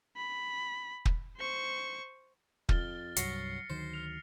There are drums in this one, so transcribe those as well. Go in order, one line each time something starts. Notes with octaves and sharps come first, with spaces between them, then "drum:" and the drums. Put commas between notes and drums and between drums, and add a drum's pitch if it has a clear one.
B5
drum: kick
C5 C#6
F2 F6 A6 G7, drum: kick
C2 G2 F#3 F#4 A#6 C7 C#7, drum: hi-hat
D2 D#3 F#3 C5
F6 F7